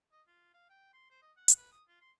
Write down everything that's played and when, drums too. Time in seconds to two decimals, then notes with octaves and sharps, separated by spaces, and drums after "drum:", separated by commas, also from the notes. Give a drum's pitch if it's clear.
0.12 D#5
0.27 F4
0.54 F5
0.69 G5
0.93 C6
1.10 C5
1.22 D#5
1.37 F#5
1.48 drum: hi-hat
1.57 B4
1.72 D#6
1.88 F4
2.01 C6